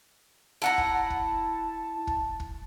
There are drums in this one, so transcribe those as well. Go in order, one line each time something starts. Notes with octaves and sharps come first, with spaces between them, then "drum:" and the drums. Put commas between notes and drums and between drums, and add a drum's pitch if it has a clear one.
E4 F#5 A5 A#5
drum: kick
drum: kick
drum: kick
drum: kick